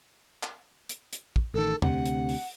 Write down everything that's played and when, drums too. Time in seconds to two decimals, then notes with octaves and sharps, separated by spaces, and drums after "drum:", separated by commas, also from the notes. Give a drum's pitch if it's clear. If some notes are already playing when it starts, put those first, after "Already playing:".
0.43 drum: clap
0.89 drum: hi-hat
1.13 drum: hi-hat
1.36 drum: kick
1.54 A1 D#3 A4
1.82 D2 C3 F#5, drum: tom
2.06 drum: hi-hat
2.29 drum: open hi-hat